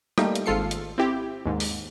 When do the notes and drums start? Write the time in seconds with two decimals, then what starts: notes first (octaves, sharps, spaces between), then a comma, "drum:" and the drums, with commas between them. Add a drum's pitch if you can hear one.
0.18 G3 A3 A#3 D#4 G4, drum: rim click
0.35 drum: hi-hat
0.46 G#1 G#2 F4 A4 C7 C#7
0.71 drum: hi-hat
0.98 C4 E4 G4
1.45 D#2 G#2
1.60 drum: open hi-hat